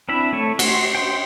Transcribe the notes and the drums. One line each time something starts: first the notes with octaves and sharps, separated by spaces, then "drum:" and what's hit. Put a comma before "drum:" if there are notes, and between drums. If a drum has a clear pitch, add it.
C4 D4 E4 E5 B5
A3 C#5 C#6
F#4 C6, drum: cymbal
G5 C6